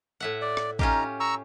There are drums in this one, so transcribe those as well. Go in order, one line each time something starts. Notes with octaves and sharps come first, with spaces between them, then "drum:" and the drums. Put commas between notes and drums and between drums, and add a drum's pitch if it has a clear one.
A2 E5 F#5
D5
drum: rim click
C#4 D#4 F4 G4 A#5, drum: kick
A#5 C#6 E6